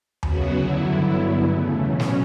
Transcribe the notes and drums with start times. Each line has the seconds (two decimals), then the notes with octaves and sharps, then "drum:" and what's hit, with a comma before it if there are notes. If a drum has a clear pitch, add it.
0.23 F#2 C#3 F#3 B3 F#4, drum: tom D#2
0.54 E2 D3 F#3 E4
0.84 G2 D3 F#3 B3
1.15 G2 F#3 B3
1.46 E2 C#3 E3 A3
1.78 B2 F#3 C#4
2.00 drum: snare